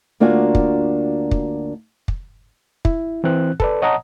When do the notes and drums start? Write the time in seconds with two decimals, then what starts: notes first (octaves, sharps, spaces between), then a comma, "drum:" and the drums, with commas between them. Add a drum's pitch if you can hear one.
0.20 D2 A#3 D4 F4 F#4 G#5
0.55 drum: kick
1.31 drum: kick
2.08 drum: kick
2.85 E4, drum: kick
3.24 E3 C4 F#6
3.60 A4 B4 D5, drum: kick
3.82 C#5 D#5 F#5 A5 A#5 D#6